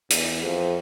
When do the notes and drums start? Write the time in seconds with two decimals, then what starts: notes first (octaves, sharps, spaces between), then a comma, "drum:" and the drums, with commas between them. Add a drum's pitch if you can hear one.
0.10 E2, drum: hi-hat
0.42 F2